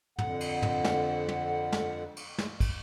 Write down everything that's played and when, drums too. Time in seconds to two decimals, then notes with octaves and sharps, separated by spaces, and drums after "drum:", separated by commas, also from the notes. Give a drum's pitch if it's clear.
0.18 F2 D3 F#5, drum: tom
0.40 drum: cymbal
0.62 drum: tom
0.84 drum: snare
1.28 drum: tom
1.72 drum: snare
2.16 drum: cymbal
2.38 drum: snare
2.60 drum: kick, cymbal